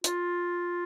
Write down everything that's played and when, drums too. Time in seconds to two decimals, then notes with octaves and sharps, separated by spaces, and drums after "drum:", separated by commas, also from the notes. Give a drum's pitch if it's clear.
0.04 F4, drum: hi-hat